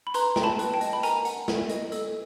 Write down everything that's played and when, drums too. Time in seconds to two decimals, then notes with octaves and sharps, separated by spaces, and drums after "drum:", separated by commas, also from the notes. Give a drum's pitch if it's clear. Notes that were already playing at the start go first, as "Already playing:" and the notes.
0.07 B5
0.14 B4 A#5 C6, drum: hi-hat
0.36 G5, drum: snare
0.43 A5 B5
0.59 B4, drum: hi-hat
0.74 G5 A5
0.81 D#5, drum: hi-hat
0.93 B5
1.03 A#4 G#5 A#5, drum: hi-hat
1.25 F#5, drum: hi-hat
1.48 A#4, drum: snare
1.69 D#5, drum: hi-hat
1.92 A4, drum: hi-hat